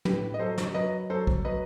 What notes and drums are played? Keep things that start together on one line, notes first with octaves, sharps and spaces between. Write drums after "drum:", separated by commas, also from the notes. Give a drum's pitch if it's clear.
A2 G4 B4, drum: tom
D#5
F#3 A4 C5
drum: snare
F#3 B4 D#5
F#3 A4 C5
drum: kick
F#3 B4 D#5